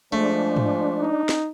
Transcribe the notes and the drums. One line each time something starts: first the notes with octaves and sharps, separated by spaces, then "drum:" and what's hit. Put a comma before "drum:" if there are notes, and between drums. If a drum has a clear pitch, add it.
F3 G#3 A3 D4 C5
drum: tom G#2
D#4
drum: snare